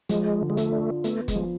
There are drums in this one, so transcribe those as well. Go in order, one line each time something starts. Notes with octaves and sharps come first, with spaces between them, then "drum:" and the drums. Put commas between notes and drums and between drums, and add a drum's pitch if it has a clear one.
F3 G#3, drum: hi-hat
D3
G#3
A3, drum: hi-hat
D4
A3 B3, drum: hi-hat
G#3, drum: kick F1, hi-hat
F3